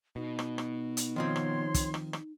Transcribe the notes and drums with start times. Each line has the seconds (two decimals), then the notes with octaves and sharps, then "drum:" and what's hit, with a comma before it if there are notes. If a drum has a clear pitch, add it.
0.16 B2 D#4
0.39 drum: rim click
0.58 drum: rim click
0.97 drum: hi-hat
1.16 D#3 F3 C4 C#5 C6
1.36 drum: rim click
1.74 drum: kick, hi-hat
1.94 drum: rim click
2.13 drum: rim click